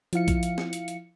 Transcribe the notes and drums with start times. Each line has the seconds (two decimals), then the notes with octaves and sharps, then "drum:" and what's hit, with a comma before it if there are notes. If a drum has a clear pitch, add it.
0.13 F3 E4 F5 C#7, drum: hi-hat
0.28 drum: kick, hi-hat
0.43 drum: hi-hat
0.58 drum: snare B3
0.73 drum: hi-hat
0.88 drum: hi-hat